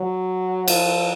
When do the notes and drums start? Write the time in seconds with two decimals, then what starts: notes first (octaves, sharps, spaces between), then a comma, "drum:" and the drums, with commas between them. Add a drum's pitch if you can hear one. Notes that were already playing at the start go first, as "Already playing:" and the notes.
Already playing: F#3
0.68 F3, drum: cymbal